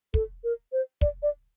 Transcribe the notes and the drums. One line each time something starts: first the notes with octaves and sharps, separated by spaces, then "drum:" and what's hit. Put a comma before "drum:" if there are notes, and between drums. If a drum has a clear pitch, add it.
A4, drum: kick
A#4
C5
D5, drum: kick
D5